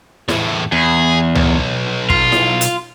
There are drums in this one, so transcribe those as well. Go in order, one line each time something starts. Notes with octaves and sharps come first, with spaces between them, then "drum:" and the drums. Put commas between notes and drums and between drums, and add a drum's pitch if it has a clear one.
E2 A2, drum: snare E4
E2 G#4
B1, drum: tom C#2
F4, drum: kick
drum: snare E4
drum: hi-hat